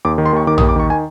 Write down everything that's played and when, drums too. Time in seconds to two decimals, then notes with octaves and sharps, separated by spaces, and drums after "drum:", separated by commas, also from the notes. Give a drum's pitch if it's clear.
0.05 D#2 D6
0.18 D#3
0.26 C6
0.33 D#2 C#6
0.47 D#3 D6
0.58 D#6, drum: tom A#1
0.61 D#2
0.69 D6
0.76 D#3 C#6
0.90 G#5